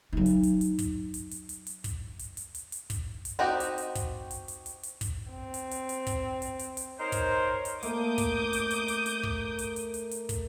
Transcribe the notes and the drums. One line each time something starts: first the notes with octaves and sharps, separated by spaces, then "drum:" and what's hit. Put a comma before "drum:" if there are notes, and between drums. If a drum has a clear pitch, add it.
F#3 D#4
drum: hi-hat
drum: hi-hat
drum: hi-hat
drum: kick, hi-hat
drum: hi-hat
drum: hi-hat
drum: hi-hat
drum: hi-hat
drum: kick, hi-hat
drum: hi-hat
drum: hi-hat
drum: hi-hat
drum: hi-hat
drum: kick, hi-hat
drum: hi-hat
C4 D#4 F#4 G4
drum: hi-hat
drum: hi-hat
drum: kick, hi-hat
drum: hi-hat
drum: hi-hat
drum: hi-hat
drum: hi-hat
drum: kick, hi-hat
C4
drum: hi-hat
drum: hi-hat
drum: hi-hat
drum: kick, hi-hat
drum: hi-hat
drum: hi-hat
drum: hi-hat
D#4 A#4 C5 C#5
drum: kick, hi-hat
drum: hi-hat
A3 A#3 D6 D#6 G6, drum: hi-hat
drum: kick, hi-hat
drum: hi-hat
drum: hi-hat
drum: hi-hat
drum: hi-hat
drum: kick
drum: hi-hat
drum: hi-hat
drum: hi-hat
drum: hi-hat
drum: kick, hi-hat